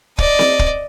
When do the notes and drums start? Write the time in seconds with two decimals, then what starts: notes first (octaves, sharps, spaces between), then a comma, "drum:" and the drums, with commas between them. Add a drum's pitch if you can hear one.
0.18 D5 D#5, drum: kick
0.39 drum: snare C4
0.59 drum: kick